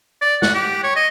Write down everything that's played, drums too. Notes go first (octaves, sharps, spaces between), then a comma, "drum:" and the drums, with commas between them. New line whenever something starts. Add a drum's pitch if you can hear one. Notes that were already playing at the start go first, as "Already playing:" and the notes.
D5
F#5, drum: snare
G4
C#5
D#5